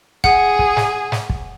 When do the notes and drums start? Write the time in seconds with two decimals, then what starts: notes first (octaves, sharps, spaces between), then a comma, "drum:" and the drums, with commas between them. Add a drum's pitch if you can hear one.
0.24 G#4 F#5 G#5, drum: kick
0.59 drum: kick
0.77 drum: snare
1.12 drum: snare
1.30 drum: kick